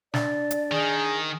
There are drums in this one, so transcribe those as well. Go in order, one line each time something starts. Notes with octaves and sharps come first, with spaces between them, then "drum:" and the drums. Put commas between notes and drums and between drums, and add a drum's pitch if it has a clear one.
D4 D5 A6, drum: snare
drum: hi-hat
D#3 G#4